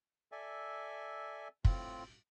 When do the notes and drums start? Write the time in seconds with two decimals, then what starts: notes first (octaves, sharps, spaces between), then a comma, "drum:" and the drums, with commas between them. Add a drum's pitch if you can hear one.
0.32 A4 D5 E5 G#5
1.65 A2 C4 F4, drum: kick